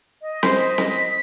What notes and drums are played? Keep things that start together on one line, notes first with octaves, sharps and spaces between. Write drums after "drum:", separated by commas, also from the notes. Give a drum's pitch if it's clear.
D#5
C5 B6, drum: snare C4
drum: snare C4